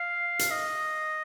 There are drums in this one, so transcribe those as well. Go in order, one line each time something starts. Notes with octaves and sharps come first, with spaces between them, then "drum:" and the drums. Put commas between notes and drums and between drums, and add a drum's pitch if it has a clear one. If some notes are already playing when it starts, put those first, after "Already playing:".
Already playing: F5
drum: hi-hat
D#5